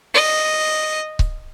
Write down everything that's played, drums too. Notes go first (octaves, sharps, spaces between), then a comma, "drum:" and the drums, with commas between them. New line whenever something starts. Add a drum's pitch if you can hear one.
D#5
drum: kick C#1